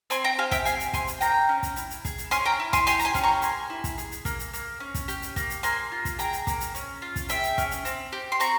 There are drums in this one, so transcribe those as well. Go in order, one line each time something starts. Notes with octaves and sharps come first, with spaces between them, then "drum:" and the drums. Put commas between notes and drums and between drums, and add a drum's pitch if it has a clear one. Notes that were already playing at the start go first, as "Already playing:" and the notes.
C4 G#5 C6, drum: hi-hat
G5 A#5
G4 F5 G#5
E5 G5, drum: kick, hi-hat
C4 F5 G#5, drum: hi-hat
drum: hi-hat
G4 G#5 C6, drum: kick, hi-hat
drum: hi-hat
A#3 G5 A#5, drum: hi-hat
C#4
drum: kick, hi-hat
E4, drum: hi-hat
drum: hi-hat
G#4, drum: kick, hi-hat
drum: hi-hat
C#4 G#5 C6, drum: hi-hat
G5 A#5
E4
G#5 C6, drum: kick, hi-hat
G4 G#5 C6, drum: hi-hat
A#5, drum: hi-hat
G#5 C6
C#4, drum: kick, hi-hat
A#5 C#6
A#3 G#5 C6, drum: hi-hat
E4
drum: kick, hi-hat
G#4, drum: hi-hat
drum: hi-hat
A#3, drum: kick, hi-hat
drum: hi-hat
A#3, drum: hi-hat
C#4
drum: kick, hi-hat
G4, drum: hi-hat
drum: hi-hat
A#3, drum: kick, hi-hat
drum: hi-hat
A#3 G#5 C6, drum: hi-hat
F4
drum: kick, hi-hat
G#4 G5 A#5, drum: hi-hat
drum: hi-hat
A#3, drum: kick, hi-hat
drum: hi-hat
C#4, drum: hi-hat
F4
drum: kick, hi-hat
G#4 E5 G5, drum: hi-hat
drum: hi-hat
C#4, drum: kick, hi-hat
drum: hi-hat
C4, drum: hi-hat
G4
C6
C4 A#5 C#6, drum: hi-hat